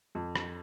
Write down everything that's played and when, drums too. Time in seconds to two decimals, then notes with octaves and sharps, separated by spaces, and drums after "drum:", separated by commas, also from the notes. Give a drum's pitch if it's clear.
0.15 F2
0.36 drum: rim click